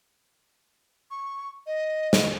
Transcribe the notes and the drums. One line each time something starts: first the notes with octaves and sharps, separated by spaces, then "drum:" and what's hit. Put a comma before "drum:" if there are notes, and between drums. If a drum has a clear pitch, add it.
C#6
D#5
drum: snare